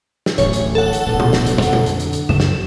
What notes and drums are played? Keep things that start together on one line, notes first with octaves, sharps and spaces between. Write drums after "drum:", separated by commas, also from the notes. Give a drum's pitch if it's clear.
drum: snare
D1 A1 D2 C#5, drum: hi-hat
drum: hi-hat
A4 F#5
drum: hi-hat
D1 B1 B3
drum: tom
drum: snare
drum: hi-hat
F2 D3 D4, drum: hi-hat
drum: tom
drum: hi-hat
drum: hi-hat
drum: hi-hat
F#2 E7, drum: tom C#3
drum: snare